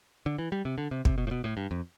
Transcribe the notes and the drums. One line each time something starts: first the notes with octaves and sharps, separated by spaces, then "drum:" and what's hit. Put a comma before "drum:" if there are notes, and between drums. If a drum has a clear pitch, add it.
D3
E3
G3
C3
D3
C3
C3, drum: kick
B2
A2
B2
A2
G2
F2